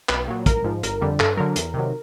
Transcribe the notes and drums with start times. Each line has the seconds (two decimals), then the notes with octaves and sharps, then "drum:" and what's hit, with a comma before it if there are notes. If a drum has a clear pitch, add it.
0.09 B1 B4, drum: clap
0.28 A#2 F#3
0.46 A1 A#4, drum: kick, hi-hat
0.64 G#2 F3
0.83 G1 A#4, drum: hi-hat
1.01 F2 D3 G3
1.20 G2 A4, drum: clap
1.37 D3 F#3 A#4
1.56 E2, drum: hi-hat
1.74 C3 D#3 F#3